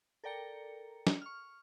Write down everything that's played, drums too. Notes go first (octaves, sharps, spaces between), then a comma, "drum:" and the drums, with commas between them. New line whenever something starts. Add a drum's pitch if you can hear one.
A4 A#4 D5 G5 A#5 C#7
drum: snare
C#6 F6